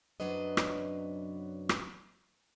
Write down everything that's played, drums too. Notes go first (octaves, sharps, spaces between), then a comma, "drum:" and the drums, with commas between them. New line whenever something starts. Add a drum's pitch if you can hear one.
F#2 C3 F#3 D4 B4 D#5
drum: rim click
drum: rim click